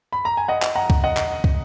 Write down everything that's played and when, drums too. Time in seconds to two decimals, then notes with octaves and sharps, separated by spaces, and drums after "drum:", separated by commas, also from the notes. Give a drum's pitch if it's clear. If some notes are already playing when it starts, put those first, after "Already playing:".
0.12 B5
0.25 A#5
0.37 G#5
0.48 D#5 F#5
0.63 drum: clap
0.76 F#5 A#5
0.90 drum: kick
1.04 D#5 F#5
1.17 drum: clap
1.44 drum: kick